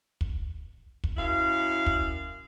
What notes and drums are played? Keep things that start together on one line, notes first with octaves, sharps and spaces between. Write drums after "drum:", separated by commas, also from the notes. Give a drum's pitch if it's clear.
drum: kick
drum: kick
F#2 E4 F5
drum: kick